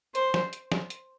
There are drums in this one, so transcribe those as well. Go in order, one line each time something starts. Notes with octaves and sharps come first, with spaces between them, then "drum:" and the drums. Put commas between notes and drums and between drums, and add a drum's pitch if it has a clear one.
C5, drum: hi-hat
drum: snare
drum: hi-hat
drum: snare
drum: hi-hat